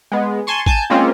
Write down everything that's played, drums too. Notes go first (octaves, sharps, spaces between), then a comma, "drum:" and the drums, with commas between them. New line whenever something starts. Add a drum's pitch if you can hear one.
G#3 B3
G#5 A5 C6 C#6
G#5 A5 G6, drum: kick G#1
G#3 A#3 C4 C#4 F4